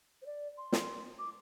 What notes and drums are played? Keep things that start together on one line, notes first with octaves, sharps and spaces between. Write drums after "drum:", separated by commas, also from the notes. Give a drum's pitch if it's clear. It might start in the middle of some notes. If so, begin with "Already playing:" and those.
C5
D5
C6
drum: snare
D6